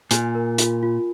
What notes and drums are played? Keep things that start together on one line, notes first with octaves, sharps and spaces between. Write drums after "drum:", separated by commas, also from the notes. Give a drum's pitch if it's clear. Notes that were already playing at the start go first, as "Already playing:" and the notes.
A#2 G#5, drum: hi-hat
A#4
F4, drum: hi-hat
F4